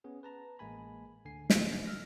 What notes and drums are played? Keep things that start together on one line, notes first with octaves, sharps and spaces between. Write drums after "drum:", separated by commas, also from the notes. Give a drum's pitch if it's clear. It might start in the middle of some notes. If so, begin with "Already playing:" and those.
B3 C#4 G#4
B4 A5 A#5
A1 G#3 A#3 G#5 B5
D2 D3 G#5 C7
G#2 D3 F3, drum: snare
E6 F6 A#6